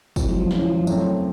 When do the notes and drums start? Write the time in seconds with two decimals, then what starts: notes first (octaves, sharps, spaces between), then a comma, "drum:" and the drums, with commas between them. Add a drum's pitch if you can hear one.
0.16 F2 C3 E3 F3, drum: kick, tambourine
0.28 F#3 G#3
0.40 F3
0.51 E2 C#3 E3 F3, drum: snare
0.63 F3
0.75 F3
0.87 F#2 C#3 E3 A3 C4, drum: tambourine